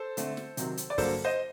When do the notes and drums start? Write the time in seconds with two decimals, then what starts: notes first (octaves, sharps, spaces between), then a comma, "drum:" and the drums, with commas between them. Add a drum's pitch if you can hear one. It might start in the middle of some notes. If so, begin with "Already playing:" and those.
Already playing: A4 C5
0.17 D3 A3 C4, drum: hi-hat
0.37 drum: snare
0.57 C3 D#3 F#3 C4, drum: hi-hat
0.77 drum: hi-hat
0.90 D5
0.98 G2 D3 F#3 A#3 A4 C5, drum: kick, open hi-hat
1.24 C5 D#5